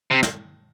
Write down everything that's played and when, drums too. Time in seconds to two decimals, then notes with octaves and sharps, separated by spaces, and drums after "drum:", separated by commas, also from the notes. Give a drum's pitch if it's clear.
0.11 C3
0.23 drum: snare